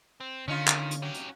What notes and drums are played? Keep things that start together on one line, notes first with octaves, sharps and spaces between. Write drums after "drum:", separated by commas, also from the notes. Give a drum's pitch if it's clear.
C4
D3 D#3 C#4 D#4 F4
drum: clap
drum: hi-hat
F#3 C#4 G4
drum: hi-hat